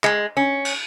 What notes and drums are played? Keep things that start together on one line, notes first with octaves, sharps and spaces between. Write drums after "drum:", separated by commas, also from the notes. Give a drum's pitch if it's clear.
G#3, drum: clap
C#4
drum: cymbal